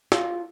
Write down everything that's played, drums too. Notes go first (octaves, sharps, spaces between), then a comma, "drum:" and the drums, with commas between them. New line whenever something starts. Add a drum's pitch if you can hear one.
F4, drum: snare